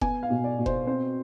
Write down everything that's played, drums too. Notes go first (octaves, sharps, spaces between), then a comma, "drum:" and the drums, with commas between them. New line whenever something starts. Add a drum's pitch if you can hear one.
B3 G#5, drum: kick F1
F5
B2
D5
B2
C5, drum: kick F1
C4 C5